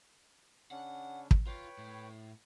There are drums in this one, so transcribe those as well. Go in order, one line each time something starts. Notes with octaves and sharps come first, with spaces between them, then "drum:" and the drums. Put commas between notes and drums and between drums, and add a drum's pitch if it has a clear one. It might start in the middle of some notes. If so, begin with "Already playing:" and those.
C#3 C#4 D4 F#5
drum: kick
F4 B4 C#5 G5
A2